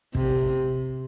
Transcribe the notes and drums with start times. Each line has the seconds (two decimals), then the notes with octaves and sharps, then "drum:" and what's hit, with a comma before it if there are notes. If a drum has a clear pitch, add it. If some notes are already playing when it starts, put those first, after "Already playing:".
0.15 C3, drum: kick